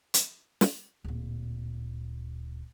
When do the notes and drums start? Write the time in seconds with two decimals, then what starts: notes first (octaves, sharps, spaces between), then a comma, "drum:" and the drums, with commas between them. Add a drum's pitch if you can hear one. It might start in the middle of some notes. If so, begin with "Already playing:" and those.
0.14 drum: hi-hat
0.61 drum: snare
1.04 D1 A#2